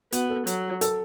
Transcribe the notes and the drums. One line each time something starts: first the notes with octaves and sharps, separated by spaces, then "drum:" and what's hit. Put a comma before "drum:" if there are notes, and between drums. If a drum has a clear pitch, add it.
B3 F#4, drum: hi-hat
A4
F#3, drum: hi-hat
A4, drum: hi-hat